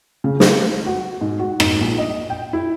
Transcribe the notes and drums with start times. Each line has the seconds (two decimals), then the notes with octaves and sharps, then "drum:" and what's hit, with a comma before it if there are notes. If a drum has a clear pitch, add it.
0.24 C#3
0.40 A3, drum: snare
0.86 F#4
1.21 G#2
1.39 F#4
1.60 G#2, drum: rim click
1.81 A#1
1.98 D#5
2.30 G5
2.53 E4